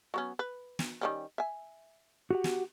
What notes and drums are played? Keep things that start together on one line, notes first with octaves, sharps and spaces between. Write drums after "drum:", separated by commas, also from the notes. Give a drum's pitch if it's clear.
F#3 B3 C#4
B4
drum: snare
D#3 G3 C#4
E5 G#5
F#4 G4 F#5
drum: snare